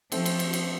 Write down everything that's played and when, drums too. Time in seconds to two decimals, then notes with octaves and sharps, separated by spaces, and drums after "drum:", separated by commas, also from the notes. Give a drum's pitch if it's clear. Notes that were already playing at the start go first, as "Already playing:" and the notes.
0.12 F3 A3 C4, drum: cymbal
0.26 drum: cymbal
0.39 drum: cymbal
0.53 drum: cymbal